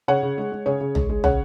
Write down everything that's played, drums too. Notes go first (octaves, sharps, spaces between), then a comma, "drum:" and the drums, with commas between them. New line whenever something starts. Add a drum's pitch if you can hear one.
C#3 C#5 F#5
C#3
G#3
G#3
C#3 G#4 C#5
C#3
G#3, drum: tom
G#3
C#3 C#5 F#5, drum: tom